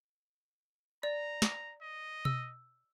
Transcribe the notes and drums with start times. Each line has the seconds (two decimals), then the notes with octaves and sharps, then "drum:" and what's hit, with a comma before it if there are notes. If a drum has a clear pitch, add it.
1.03 D5 A#5
1.42 drum: snare
1.82 D#5
2.25 E6, drum: tom B2